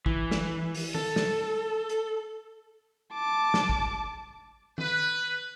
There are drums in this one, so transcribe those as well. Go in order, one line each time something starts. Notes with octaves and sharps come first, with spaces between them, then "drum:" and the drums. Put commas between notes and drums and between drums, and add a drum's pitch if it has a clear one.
E3, drum: kick
drum: snare
drum: open hi-hat
A4, drum: tom D#3
drum: snare
drum: hi-hat
A5 D6
drum: snare
drum: kick
B4, drum: tom D#3